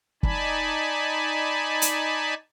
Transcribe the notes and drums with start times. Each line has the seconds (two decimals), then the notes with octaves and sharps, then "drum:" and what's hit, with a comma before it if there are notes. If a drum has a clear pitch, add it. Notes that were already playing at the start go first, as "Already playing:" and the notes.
0.23 D#4 D5 G#5 A5 B5, drum: kick
1.82 drum: hi-hat